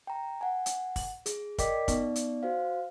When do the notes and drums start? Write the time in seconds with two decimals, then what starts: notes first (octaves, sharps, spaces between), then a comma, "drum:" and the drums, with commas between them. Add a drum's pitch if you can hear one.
0.07 G5 A#5
0.41 F#5 G#5
0.66 drum: hi-hat
0.96 drum: kick, open hi-hat
1.26 G#4, drum: hi-hat
1.58 A#4 D5 D#5 G5 D6 B6, drum: kick, hi-hat
1.88 B3 D#4 D5, drum: kick, hi-hat
2.16 drum: hi-hat
2.43 F#4 C5 F5